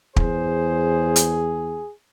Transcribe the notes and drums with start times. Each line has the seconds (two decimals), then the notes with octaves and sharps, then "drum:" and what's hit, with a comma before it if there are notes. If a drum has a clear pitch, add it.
0.16 E2 G#4 C5, drum: kick
1.16 drum: hi-hat